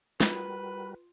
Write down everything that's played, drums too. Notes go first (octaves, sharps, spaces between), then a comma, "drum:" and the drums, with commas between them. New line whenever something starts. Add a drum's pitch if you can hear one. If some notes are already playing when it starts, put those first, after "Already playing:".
G3 F4 F#4 A#4 B4 B5, drum: snare